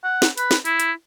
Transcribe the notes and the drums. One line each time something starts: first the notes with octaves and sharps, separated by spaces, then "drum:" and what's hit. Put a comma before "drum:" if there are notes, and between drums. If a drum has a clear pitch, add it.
F#5
drum: snare
B4, drum: hi-hat
drum: snare
E4, drum: hi-hat
drum: hi-hat